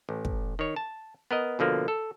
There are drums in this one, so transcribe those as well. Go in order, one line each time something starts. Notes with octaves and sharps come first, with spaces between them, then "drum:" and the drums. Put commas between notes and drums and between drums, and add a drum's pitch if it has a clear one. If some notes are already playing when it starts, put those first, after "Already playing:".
A1
drum: kick
D#3 C#5
A5
B3 A#4 D#5
B2 D3 F3 A#3
A4